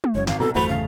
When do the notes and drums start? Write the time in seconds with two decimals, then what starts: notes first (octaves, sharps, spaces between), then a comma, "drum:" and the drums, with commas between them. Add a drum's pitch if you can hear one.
0.04 drum: tom
0.15 F#1 F#2 C#5
0.27 G#1 F5, drum: snare
0.40 C2 B2 A4 A#5
0.55 G1 E2 A3 F#4 C5 B5 F7
0.69 C#3 F5